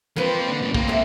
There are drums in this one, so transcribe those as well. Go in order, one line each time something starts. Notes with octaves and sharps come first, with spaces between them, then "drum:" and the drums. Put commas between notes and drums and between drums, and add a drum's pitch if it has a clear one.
F3 A#3 C4 B4
D3
F#2 A2
A#3 C4, drum: kick
A3 E5